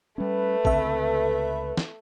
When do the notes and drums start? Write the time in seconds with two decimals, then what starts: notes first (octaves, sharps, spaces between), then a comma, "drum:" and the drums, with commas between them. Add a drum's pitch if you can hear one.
0.18 G3 A3 C#4 B4
0.65 C#2 D3 C4 A4 E5, drum: kick A1
1.77 drum: snare